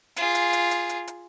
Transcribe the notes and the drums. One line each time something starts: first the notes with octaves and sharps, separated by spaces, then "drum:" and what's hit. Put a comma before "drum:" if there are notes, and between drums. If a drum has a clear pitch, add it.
F4 G#4, drum: hi-hat
drum: hi-hat
drum: hi-hat
drum: hi-hat
drum: hi-hat
drum: hi-hat